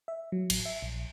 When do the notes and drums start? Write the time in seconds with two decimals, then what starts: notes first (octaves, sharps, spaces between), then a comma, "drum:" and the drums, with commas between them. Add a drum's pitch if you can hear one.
0.08 E5
0.32 F#3
0.50 A1, drum: cymbal
0.65 E5
0.82 A#1